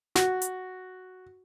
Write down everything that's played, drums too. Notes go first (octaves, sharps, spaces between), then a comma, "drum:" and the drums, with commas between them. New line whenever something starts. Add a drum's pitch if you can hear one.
F#4, drum: snare
drum: hi-hat